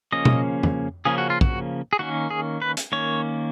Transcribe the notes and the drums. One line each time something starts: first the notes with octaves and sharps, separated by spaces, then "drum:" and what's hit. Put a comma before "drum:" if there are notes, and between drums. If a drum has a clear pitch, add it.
C#3 F3 A#3 C#4 D#5
drum: tom B2
drum: tom
C#3 F3 A#3 C#4 G#4
F#4
F4
F#4, drum: kick
G#4
D#3 A#3 C#4 F#4
G#4
B4
drum: hi-hat
D#3 A#3 C#4 C#5